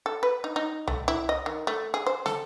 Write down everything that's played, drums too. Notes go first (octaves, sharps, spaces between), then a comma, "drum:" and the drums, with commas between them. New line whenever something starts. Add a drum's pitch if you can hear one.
A4
B4
D#4
D#4
A3, drum: tom C2
E4
D#5
D#3
A3
G#4
C5
A4, drum: snare